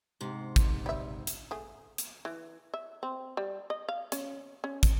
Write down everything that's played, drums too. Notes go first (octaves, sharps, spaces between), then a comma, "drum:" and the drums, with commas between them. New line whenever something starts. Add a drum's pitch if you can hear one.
G#2 C3
drum: kick, hi-hat
G3 E5
drum: hi-hat
A3 G#4
drum: hi-hat
E3
E5
C4
G3
D#5
F5
C#4, drum: hi-hat
C#4
drum: kick, hi-hat